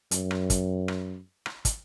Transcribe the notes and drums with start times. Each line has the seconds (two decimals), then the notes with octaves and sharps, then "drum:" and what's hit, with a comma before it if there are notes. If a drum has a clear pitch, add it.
0.11 F#2, drum: hi-hat
0.31 drum: rim click
0.50 drum: kick, hi-hat
0.88 drum: rim click
1.46 drum: rim click
1.65 drum: kick, hi-hat